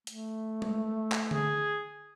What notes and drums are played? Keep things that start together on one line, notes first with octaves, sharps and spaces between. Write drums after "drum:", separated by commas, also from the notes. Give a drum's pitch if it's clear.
A3, drum: hi-hat
drum: tom G#3
drum: clap
G#4, drum: tom D3